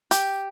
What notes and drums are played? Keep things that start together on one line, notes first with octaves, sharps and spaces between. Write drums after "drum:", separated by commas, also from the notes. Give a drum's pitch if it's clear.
G4, drum: hi-hat